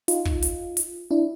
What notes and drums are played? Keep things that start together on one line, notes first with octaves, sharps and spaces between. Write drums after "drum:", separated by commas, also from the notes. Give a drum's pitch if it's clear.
D#4 F4, drum: hi-hat
drum: kick
drum: hi-hat
drum: hi-hat
D4 E4